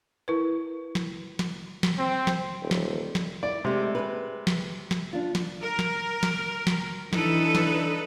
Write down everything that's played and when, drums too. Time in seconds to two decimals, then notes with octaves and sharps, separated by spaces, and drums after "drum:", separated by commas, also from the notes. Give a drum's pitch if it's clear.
0.28 E4 A#4 B4
0.95 drum: snare
1.39 drum: snare
1.83 drum: snare
1.98 C4
2.27 drum: snare
2.62 D#1
2.71 drum: snare
3.15 drum: snare
3.43 E4 D5
3.65 C3 G#3 A3
3.95 G#4 B4
4.47 drum: snare
4.91 drum: snare
5.13 D4 F4
5.35 drum: snare
5.62 A#4
5.79 drum: snare
6.23 drum: snare
6.67 drum: snare
7.13 E3 D4 D#4 A4 B4, drum: snare
7.55 drum: snare